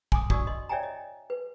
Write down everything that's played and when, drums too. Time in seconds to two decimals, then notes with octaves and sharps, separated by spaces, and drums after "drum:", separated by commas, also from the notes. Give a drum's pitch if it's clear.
0.12 G#5 C6 D6 D#6, drum: kick
0.30 D4 F#4 D5 C#6 D#6 E6, drum: kick
0.47 D#5 C6
0.69 C#5 D5 E5 G5 G#5 A#5
0.83 D#5
1.30 B4